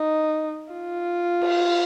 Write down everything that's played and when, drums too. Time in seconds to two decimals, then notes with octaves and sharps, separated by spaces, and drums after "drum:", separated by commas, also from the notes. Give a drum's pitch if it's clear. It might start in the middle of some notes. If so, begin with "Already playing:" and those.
Already playing: D#4
0.73 F4
1.42 drum: cymbal